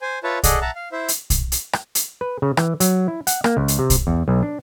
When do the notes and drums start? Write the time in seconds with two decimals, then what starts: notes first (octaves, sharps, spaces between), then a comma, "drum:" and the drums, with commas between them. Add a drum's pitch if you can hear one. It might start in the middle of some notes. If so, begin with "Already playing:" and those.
0.02 C5 G#5
0.24 F4 B4 C#5 E5 A5
0.43 G#4 A4 D5 D#5 F#5, drum: kick, hi-hat
0.61 E5 F#5 A5 A#5
0.75 F5
0.92 E4 C5 E5
1.08 drum: hi-hat
1.30 drum: kick, hi-hat
1.52 drum: hi-hat
1.73 drum: rim click
1.95 drum: hi-hat
2.21 B4
2.42 C#3
2.57 E3, drum: rim click
2.80 F#3, drum: hi-hat
3.08 E4
3.27 F#5, drum: hi-hat
3.44 A#3, drum: rim click
3.57 C#2
3.68 drum: hi-hat
3.79 C3
3.90 drum: kick, hi-hat
4.07 E2
4.28 B1
4.43 D4